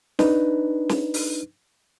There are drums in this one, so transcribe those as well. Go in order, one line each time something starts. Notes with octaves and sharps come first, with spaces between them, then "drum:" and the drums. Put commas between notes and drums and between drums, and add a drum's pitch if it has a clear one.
D4 D#4 B4, drum: snare
drum: snare
drum: open hi-hat